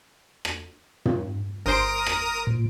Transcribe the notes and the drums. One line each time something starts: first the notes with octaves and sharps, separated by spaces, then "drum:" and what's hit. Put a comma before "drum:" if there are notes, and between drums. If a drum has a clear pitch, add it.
drum: rim click
drum: tom
G1 A#4 C5 D#6 D7
drum: rim click
A#2